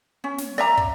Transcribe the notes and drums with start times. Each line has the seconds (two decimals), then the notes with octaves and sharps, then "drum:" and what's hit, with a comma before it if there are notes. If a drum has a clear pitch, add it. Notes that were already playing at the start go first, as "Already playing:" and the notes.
0.24 C#4
0.38 drum: snare
0.58 D5 E5 A#5
0.77 drum: kick